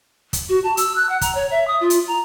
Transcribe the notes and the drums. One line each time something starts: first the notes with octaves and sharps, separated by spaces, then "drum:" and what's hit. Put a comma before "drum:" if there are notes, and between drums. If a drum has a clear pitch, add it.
drum: kick, hi-hat
F#4
A5
E6, drum: hi-hat
F#6
F#5
A#5, drum: kick, hi-hat
C#5
E5
D#6
F4
drum: hi-hat
A#5